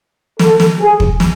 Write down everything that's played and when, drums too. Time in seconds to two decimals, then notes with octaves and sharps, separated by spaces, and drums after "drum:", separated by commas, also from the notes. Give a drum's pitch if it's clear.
0.39 A4, drum: snare
0.60 drum: snare
0.80 G#4
1.00 drum: kick
1.20 drum: snare